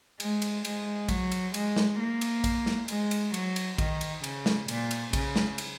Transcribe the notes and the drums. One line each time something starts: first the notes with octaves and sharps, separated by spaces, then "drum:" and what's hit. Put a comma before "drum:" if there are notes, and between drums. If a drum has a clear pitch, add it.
G#3, drum: cymbal
drum: cymbal
G#3, drum: cymbal
F#3, drum: kick A#1, cymbal
drum: cymbal
G#3, drum: cymbal
drum: snare
A#3
drum: cymbal
drum: kick A#1, cymbal
drum: snare
G#3, drum: cymbal
drum: cymbal
F#3, drum: cymbal
drum: cymbal
D#3, drum: kick A#1, cymbal
drum: cymbal
C#3, drum: cymbal
drum: snare
A#2, drum: cymbal
drum: cymbal
C#3, drum: kick A#1, cymbal
drum: snare
drum: cymbal